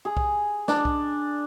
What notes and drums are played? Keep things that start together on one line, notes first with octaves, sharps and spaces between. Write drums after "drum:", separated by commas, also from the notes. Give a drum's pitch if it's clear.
G#4
drum: kick B1
D4, drum: snare
drum: kick B1